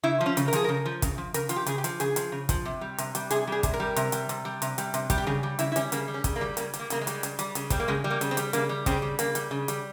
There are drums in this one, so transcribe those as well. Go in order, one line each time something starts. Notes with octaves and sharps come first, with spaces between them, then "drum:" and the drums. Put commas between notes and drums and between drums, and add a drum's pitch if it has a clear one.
C#3 E4
F3
C#4
C#3, drum: hi-hat
A#4
F3 G#4, drum: hi-hat
C#3 A#4
F3
C#3, drum: kick, hi-hat
F3
C#3 A#4, drum: hi-hat
F3 F4, drum: hi-hat
G4
C#3 G#4, drum: hi-hat
G4
F3, drum: hi-hat
C#3 G#4, drum: hi-hat
F3, drum: hi-hat
C#3
F3, drum: kick, hi-hat
C3
G3
C3, drum: hi-hat
G3, drum: hi-hat
C3 G#4, drum: hi-hat
G3 G#4
C3, drum: kick, hi-hat
A#4
G3
C3, drum: hi-hat
G3, drum: hi-hat
C3, drum: hi-hat
G3
C3, drum: hi-hat
G3, drum: hi-hat
C3, drum: hi-hat
G3, drum: kick, hi-hat
G4
C#3 G#4
G3
C#3 E4, drum: hi-hat
E4
G3 C#4, drum: hi-hat
C#3 A#3, drum: hi-hat
G3
C#4
C#3, drum: kick, hi-hat
A#3
G3
C#3 A#3, drum: hi-hat
G3, drum: hi-hat
A#3
C#3 A#3, drum: hi-hat
G#3
G3, drum: hi-hat
C#3, drum: hi-hat
G3, drum: hi-hat
C#3, drum: hi-hat
G3 C4, drum: kick, hi-hat
A#3
C#3 G#3
G3
A#3
C#3, drum: hi-hat
C4
G3, drum: hi-hat
C#3 A#3, drum: hi-hat
G3
C#3 C4, drum: kick, hi-hat
G3
C#3 A#3, drum: hi-hat
G3, drum: hi-hat
C#3
G3, drum: hi-hat